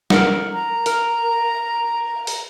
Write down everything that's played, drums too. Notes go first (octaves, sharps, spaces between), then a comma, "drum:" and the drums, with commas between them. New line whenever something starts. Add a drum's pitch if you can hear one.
A#4 F#5, drum: snare
A#5
A#4, drum: open hi-hat
drum: open hi-hat